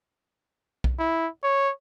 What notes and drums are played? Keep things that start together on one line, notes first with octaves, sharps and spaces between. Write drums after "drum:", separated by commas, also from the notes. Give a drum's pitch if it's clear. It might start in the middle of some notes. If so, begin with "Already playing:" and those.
drum: kick B1
E4
C#5